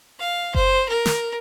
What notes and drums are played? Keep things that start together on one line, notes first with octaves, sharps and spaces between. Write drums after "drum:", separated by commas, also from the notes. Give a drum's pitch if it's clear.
F5
C5, drum: kick F#1
A#4
drum: snare